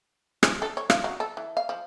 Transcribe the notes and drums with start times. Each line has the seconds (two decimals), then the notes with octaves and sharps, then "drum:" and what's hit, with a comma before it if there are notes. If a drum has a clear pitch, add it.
0.43 G#4, drum: rim click
0.62 A4
0.77 C#5
0.90 F5, drum: rim click
1.04 F#3
1.20 A4
1.37 E3
1.57 F5
1.69 F3